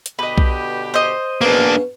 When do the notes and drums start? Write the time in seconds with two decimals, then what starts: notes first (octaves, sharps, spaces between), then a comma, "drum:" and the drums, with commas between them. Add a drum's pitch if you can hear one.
0.06 drum: hi-hat
0.19 B2 D3 G4 B4 D#5
0.38 drum: kick B1
0.94 C5 D#5
1.41 F#2 B2 A#3 D4 G#4 F5